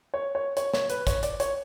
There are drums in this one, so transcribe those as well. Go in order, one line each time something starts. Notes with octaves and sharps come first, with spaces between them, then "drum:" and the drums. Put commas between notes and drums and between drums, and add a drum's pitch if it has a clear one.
C#5
C#5
C#5, drum: hi-hat
C#5, drum: snare
B4, drum: hi-hat
C#5, drum: kick, hi-hat
D5, drum: hi-hat
C#5, drum: hi-hat